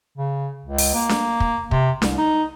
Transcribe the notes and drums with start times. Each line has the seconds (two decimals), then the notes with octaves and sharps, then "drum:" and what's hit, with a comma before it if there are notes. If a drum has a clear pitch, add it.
0.18 C#3
0.66 C#2
0.78 drum: open hi-hat
0.94 A#3
1.09 drum: snare D4
1.40 drum: kick
1.71 C3, drum: kick
2.02 C2, drum: snare D4
2.18 D#4